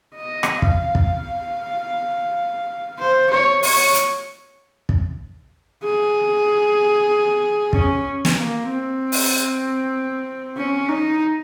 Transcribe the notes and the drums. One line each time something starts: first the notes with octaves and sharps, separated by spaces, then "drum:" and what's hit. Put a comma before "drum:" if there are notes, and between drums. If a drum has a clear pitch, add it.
D#5
drum: rim click
F5, drum: kick
drum: kick
C5
C#5
C#5, drum: open hi-hat
drum: hi-hat
drum: kick
G#4
C#4, drum: kick
drum: snare
A#3
C4
drum: open hi-hat
C#4
D#4